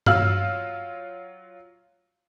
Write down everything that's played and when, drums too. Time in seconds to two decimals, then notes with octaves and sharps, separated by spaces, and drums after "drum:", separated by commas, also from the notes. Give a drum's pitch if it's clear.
0.06 F#3 F4 F5 E6 F6 F#7, drum: tom G2